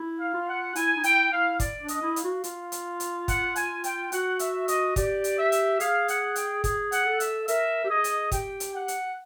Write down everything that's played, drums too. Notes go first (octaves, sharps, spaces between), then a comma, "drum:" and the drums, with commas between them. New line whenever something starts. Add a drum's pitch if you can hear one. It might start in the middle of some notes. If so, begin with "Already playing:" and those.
Already playing: E4
F5
F4
F#5
E4 G#5, drum: hi-hat
D#4
E4 G5, drum: hi-hat
E4 F5
D5, drum: kick, hi-hat
D4
D#5, drum: hi-hat
E4
F5, drum: hi-hat
F#4
F4, drum: hi-hat
drum: hi-hat
drum: hi-hat
F#5, drum: kick, hi-hat
G#5, drum: hi-hat
G5, drum: hi-hat
F#4 F#5, drum: hi-hat
E5, drum: hi-hat
D#5, drum: hi-hat
G4 D5, drum: kick, hi-hat
drum: hi-hat
E5
drum: hi-hat
G#4 F5, drum: hi-hat
F#5, drum: hi-hat
G5, drum: hi-hat
G#4, drum: kick, hi-hat
F#5, drum: hi-hat
A4
E5, drum: hi-hat
A#4 E5, drum: hi-hat
G4
G#4 D#5
drum: hi-hat
G4 G5, drum: kick, hi-hat
drum: hi-hat
F#5
drum: hi-hat